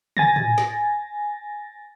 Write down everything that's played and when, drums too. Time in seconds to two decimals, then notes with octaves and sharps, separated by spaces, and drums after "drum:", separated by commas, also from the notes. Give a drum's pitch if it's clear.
0.17 G#5 A6 A#6, drum: tom
0.36 drum: tom A2
0.58 drum: snare